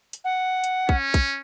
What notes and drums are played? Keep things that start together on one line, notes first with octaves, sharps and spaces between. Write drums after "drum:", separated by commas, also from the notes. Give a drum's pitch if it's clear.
drum: hi-hat
F#5
drum: hi-hat
C#4, drum: kick
drum: kick, hi-hat